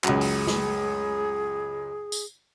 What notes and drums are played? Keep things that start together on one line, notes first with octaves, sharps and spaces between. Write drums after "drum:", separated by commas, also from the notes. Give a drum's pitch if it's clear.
C#2 F#2 G#4, drum: clap
drum: open hi-hat
drum: snare
drum: tambourine